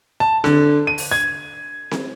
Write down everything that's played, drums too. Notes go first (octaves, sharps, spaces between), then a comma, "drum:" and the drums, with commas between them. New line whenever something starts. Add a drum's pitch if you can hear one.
A5
D3, drum: snare C4
D#7
drum: open hi-hat
G#6
drum: snare C4